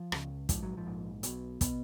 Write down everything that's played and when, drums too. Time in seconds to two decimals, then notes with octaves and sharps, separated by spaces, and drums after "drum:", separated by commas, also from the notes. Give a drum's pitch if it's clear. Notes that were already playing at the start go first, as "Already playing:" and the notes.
Already playing: F3
0.12 C#2 C#3, drum: rim click
0.49 A#1 G#2 F3, drum: kick, hi-hat
0.63 F#3
0.77 F3
0.86 A#1 G#2
1.23 B1 B2, drum: hi-hat
1.61 B2 B3, drum: kick, hi-hat